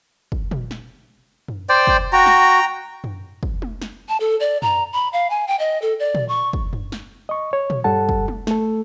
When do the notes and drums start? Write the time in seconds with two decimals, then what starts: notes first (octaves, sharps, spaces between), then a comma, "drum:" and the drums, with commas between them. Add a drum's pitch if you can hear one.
0.32 drum: kick
0.51 drum: tom A#2
0.71 drum: snare
1.48 drum: tom F#2
1.69 C5 D5 G5
1.87 drum: kick
2.13 F#4 G5 A#5
2.26 drum: snare
3.04 drum: tom F#2
3.43 drum: kick
3.62 drum: tom
3.81 drum: snare
4.09 A5
4.20 A4
4.40 D5
4.62 A#5, drum: tom F#2
4.93 B5
5.13 F5
5.30 G#5
5.48 G5
5.59 D#5
5.82 A4
6.00 D5
6.15 drum: tom A#2
6.29 C#6
6.53 drum: kick
6.73 drum: tom F#2
6.92 drum: snare
7.29 D#5 C#6
7.53 C#5
7.70 drum: tom A#2
7.84 G2 G3 A4 F#5 A5
8.09 drum: kick
8.28 drum: tom
8.47 A3 A4, drum: snare